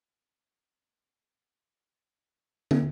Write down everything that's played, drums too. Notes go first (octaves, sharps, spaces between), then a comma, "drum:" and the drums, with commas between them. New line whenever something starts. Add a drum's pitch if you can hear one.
A#3 C4 A#4
drum: tom